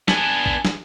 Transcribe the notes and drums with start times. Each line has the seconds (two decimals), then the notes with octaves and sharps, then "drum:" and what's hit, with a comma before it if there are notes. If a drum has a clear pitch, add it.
0.08 B3 D4 G#5 A5, drum: snare
0.46 drum: kick
0.65 drum: snare